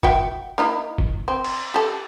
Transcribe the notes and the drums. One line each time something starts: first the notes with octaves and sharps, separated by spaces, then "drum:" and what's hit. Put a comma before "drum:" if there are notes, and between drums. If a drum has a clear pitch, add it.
F#4 E5 G5, drum: kick
A#3 D#4 E4
drum: kick
C4
drum: cymbal
G4 A4